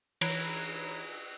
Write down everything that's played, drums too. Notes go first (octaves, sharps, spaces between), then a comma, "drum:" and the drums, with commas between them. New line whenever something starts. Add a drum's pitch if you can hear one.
E3 C#5 A#5 B5 F#6 G#6, drum: cymbal